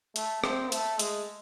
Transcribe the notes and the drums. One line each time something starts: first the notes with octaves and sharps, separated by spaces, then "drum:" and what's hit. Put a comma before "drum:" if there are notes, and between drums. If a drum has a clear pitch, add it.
A3, drum: hi-hat
C4, drum: rim click
A3, drum: hi-hat
G#3, drum: hi-hat